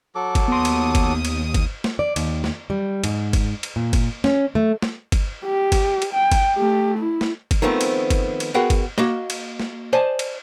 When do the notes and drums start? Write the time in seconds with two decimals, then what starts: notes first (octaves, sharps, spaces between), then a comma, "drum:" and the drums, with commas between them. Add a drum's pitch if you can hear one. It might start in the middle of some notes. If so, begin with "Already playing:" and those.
0.15 F#3 A4 D6
0.35 drum: kick G1, cymbal
0.48 D#2 B3 C6 D#6
0.65 drum: cymbal
0.95 drum: kick G1, cymbal
1.25 drum: cymbal
1.54 drum: kick G1, cymbal
1.84 drum: snare
1.99 D5
2.16 D#2, drum: cymbal
2.44 drum: snare
2.70 G3
3.04 G#2, drum: cymbal
3.33 drum: kick G1, cymbal
3.63 drum: cymbal
3.76 A#2
3.93 drum: kick G1, cymbal
4.24 C#4, drum: snare
4.55 A3
4.82 drum: snare
5.12 drum: kick G1, cymbal
5.46 G4
5.72 drum: kick G1, cymbal
6.02 drum: cymbal
6.14 G5
6.32 drum: kick G1, cymbal
6.56 A3 G4
6.98 E4
7.21 drum: snare
7.51 drum: kick G1, cymbal
7.62 D#3 F3 A3 B3 C4
7.81 drum: cymbal
8.10 drum: kick G1, cymbal
8.40 drum: cymbal
8.54 B3 F#4 G#4 A#4 F#5 G5
8.70 drum: kick G1, cymbal
8.98 A#3 F#4 D#5, drum: snare
9.30 drum: cymbal
9.60 drum: snare
9.93 C5 D5 D#5 G#5 A5
10.19 drum: cymbal